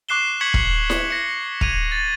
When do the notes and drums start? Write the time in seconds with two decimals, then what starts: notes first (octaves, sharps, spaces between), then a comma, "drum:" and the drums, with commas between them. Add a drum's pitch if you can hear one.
0.09 C#6 D6 F#6 C7 E7 G7
0.41 C#6 G#6 B6 C#7 F#7
0.54 drum: kick
0.90 drum: snare E4
1.11 A#6 C#7
1.61 G#6 D#7 F7, drum: kick
1.92 A6